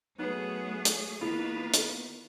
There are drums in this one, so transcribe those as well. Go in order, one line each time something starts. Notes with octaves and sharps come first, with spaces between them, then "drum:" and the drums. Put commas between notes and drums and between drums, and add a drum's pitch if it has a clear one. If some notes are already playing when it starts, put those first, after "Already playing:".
F#3 A3 B3 D#4 G#4 B4 C#5
drum: hi-hat
D#3 A#3 B3 E4 F4 G#4 B4
drum: hi-hat